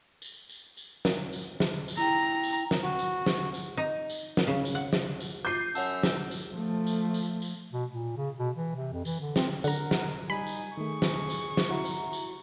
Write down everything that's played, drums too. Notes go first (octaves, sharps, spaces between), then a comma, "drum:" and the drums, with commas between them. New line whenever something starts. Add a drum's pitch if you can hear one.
drum: tambourine
drum: tambourine
drum: tambourine
drum: snare
drum: tambourine
drum: snare
drum: tambourine
E4 G5 A#5
drum: tambourine
drum: snare
F#4
drum: tambourine
drum: snare
drum: tambourine
D#4
drum: tambourine
drum: snare
C#3
drum: tambourine
F#5
drum: snare
drum: tambourine
F4 D6 G6 C7
F#2 C#5 F#5 A5 E6, drum: tambourine
drum: snare
drum: tambourine
F3 A3
drum: tambourine
drum: tambourine
drum: tambourine
B2
A#2
C#3
B2
E3
C3
F2
E3, drum: tambourine
D3
C4, drum: snare
D3 A#4 F#5 A#5, drum: tambourine
drum: snare
G3 D#4 G#5 B5
drum: tambourine
D#3 A3 G#4 C#6
drum: snare
drum: tambourine
drum: snare
E4 F#4 A#5
drum: tambourine
drum: tambourine